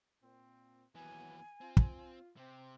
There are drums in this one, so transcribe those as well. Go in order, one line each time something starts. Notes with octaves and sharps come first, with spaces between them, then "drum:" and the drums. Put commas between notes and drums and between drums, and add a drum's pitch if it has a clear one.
A#2 C4
D#2 E3 F#3 B3 G#5
C4 F4
drum: kick
C3 C4